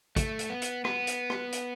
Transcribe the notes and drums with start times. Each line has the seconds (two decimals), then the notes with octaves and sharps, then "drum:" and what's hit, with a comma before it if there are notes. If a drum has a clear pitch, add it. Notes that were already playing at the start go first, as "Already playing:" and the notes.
0.16 A3, drum: kick, hi-hat
0.39 drum: hi-hat
0.50 B3
0.62 drum: hi-hat
0.85 B3, drum: rim click
1.07 drum: hi-hat
1.30 drum: rim click
1.52 drum: hi-hat